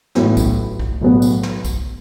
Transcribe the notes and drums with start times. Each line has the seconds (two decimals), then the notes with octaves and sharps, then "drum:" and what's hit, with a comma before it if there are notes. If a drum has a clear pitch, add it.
0.15 A1 A2 F#3 B3 E4, drum: snare
0.37 drum: kick, tambourine
0.79 drum: kick
1.01 B1 A2 F#3 B3
1.22 drum: tambourine
1.43 drum: snare
1.65 drum: kick, tambourine